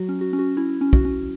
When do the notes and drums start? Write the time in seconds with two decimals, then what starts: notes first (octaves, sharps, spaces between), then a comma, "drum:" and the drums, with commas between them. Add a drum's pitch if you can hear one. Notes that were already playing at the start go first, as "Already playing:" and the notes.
Already playing: F#3 F#4
0.09 C#4
0.21 F#4
0.33 C#4
0.39 F#4
0.57 C#4 E4
0.81 C#4
0.93 F#4, drum: kick
1.05 C#4